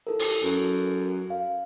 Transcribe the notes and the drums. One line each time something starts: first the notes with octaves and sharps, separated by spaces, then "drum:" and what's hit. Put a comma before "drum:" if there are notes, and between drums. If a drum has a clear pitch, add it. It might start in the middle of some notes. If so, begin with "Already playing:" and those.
E4 A4 A#4
drum: open hi-hat
F#2
F5